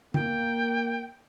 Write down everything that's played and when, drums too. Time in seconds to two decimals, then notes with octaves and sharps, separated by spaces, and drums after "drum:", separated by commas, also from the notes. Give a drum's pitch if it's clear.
0.14 A#3 G5, drum: tom D3